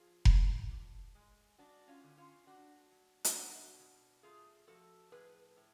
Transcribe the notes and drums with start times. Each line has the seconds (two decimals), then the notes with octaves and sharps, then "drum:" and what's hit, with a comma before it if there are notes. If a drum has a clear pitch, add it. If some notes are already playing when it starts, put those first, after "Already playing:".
Already playing: F3 F4 G#4
0.25 A2, drum: kick F1
0.70 D3
1.15 G#3
1.58 G#3 D4 F#4
1.88 C#4 F4
2.03 D3
2.17 C#4 F4
2.46 A3 D4 F#4
2.91 F#3
3.24 drum: hi-hat
3.35 B2 D4 F#4
3.79 B2
4.23 A3 F4 G#4
4.67 F3 F#4 A4
5.12 A2 G#4 B4
5.57 A2